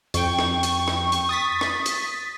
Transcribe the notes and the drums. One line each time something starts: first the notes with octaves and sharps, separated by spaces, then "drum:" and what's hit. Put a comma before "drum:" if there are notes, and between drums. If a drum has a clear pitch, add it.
F2 G5 C#6, drum: hi-hat
drum: rim click
drum: hi-hat
drum: rim click
drum: hi-hat
D#6 A6 B6
drum: rim click
drum: hi-hat